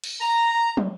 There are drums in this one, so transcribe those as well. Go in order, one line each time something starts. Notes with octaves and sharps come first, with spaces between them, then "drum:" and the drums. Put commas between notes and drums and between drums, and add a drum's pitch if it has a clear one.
drum: cymbal
A#5
drum: tom